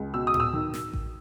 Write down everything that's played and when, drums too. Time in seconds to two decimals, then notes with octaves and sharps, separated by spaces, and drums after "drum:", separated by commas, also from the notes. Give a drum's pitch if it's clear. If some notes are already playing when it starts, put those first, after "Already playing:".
Already playing: C#2
0.14 B2 E6
0.27 D#6
0.34 B2, drum: tom A2
0.40 E6
0.53 D#3
0.74 drum: snare
0.93 drum: kick A1